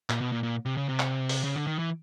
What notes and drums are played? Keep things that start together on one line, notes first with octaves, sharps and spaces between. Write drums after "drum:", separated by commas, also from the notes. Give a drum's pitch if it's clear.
A#2, drum: clap
B2
A#2
A#2
C3
C#3
C3
drum: clap
drum: open hi-hat
C#3
D3
D#3
E3